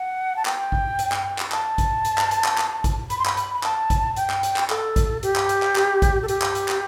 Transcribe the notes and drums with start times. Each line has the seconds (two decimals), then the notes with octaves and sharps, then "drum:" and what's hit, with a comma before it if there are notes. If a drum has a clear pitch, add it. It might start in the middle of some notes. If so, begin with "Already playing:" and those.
Already playing: F#5
0.36 A5
0.45 G5, drum: clap
0.72 drum: kick
0.99 drum: hi-hat
1.12 drum: clap
1.39 drum: clap
1.52 A5, drum: clap
1.78 drum: kick, hi-hat
2.05 drum: hi-hat
2.18 drum: clap
2.31 drum: hi-hat
2.44 drum: clap
2.58 drum: clap
2.84 drum: kick, hi-hat
3.10 B5, drum: hi-hat
3.19 C6
3.26 B5, drum: clap
3.37 B5, drum: hi-hat
3.54 B5
3.64 A5, drum: clap
3.90 drum: kick, hi-hat
4.16 G5, drum: hi-hat
4.30 drum: clap
4.43 drum: hi-hat
4.56 drum: clap
4.70 A4, drum: clap
4.96 drum: kick, hi-hat
5.23 G4, drum: hi-hat
5.36 drum: clap
5.49 drum: hi-hat
5.62 drum: clap
5.76 drum: clap
6.02 drum: kick, hi-hat
6.23 A4
6.28 G4, drum: hi-hat
6.42 drum: clap
6.55 drum: hi-hat
6.68 drum: clap